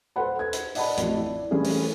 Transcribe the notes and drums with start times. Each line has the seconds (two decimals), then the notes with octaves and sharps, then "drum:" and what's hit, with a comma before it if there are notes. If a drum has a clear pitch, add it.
0.16 A4 B4 C5 F#5 B5
0.39 G#6
0.53 drum: hi-hat
0.75 D5 D#5 F#5 A5 B5, drum: open hi-hat
0.97 A1 F2, drum: hi-hat
1.16 E4 D5
1.51 E3 G3 A3 C#4 G#4
1.64 drum: open hi-hat